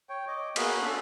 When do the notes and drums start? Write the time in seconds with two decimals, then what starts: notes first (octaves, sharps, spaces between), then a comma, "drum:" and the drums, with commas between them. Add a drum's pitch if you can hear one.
0.09 C#5 G5
0.28 D#5 D6
0.56 A#3 B3 F#4 G#4, drum: cymbal
0.82 C#4 D4 A4